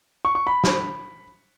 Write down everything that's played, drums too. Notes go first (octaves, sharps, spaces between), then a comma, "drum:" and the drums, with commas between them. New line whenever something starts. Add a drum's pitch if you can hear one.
C#6
C#6
B5
drum: snare